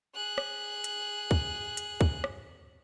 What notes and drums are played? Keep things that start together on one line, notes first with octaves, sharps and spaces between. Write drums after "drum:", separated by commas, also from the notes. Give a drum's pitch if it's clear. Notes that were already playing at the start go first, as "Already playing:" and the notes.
G#4 F#6
drum: rim click
drum: hi-hat
drum: kick
drum: hi-hat
drum: kick
drum: rim click